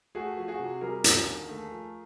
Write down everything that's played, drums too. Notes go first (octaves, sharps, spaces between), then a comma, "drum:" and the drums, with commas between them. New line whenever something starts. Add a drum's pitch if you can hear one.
A3 F#4 G#4
F3
F#4 G#4
C3
G3 G#4 A#4
D3, drum: hi-hat
D#2
A3
F3